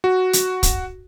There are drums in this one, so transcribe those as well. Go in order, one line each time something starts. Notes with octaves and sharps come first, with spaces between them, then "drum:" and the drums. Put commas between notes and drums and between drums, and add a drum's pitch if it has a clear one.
F#4
drum: hi-hat
drum: kick, hi-hat